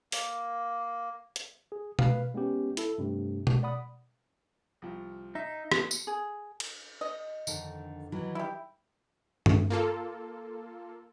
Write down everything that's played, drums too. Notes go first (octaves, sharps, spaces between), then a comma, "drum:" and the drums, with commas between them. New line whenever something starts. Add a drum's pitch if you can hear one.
A#3, drum: open hi-hat
drum: hi-hat
G#4
B4 F5, drum: tom B2
G#3 B3 C#4 G4
E4 A4, drum: hi-hat
G2 C3 A3
drum: tom B2
D5 F#5 B5 D#6
C2 F3
D#4 E5
drum: rim click
drum: tambourine
G#4
drum: cymbal
D#5
F2 D3 D#3, drum: tambourine
D#3 E3 F#3
E4 G4
drum: tom G2
A#3 F4 A4